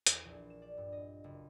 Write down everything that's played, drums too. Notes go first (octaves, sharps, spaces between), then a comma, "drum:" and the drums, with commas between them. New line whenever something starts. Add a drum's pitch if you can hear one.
E2, drum: hi-hat
A#1
E7
D5
G2
D#5
F#1